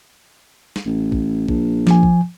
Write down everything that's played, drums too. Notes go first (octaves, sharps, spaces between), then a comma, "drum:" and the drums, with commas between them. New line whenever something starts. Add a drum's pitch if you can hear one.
drum: snare
A1
drum: kick A#1
A#1, drum: kick A#1
F3 G#5, drum: snare
drum: kick A#1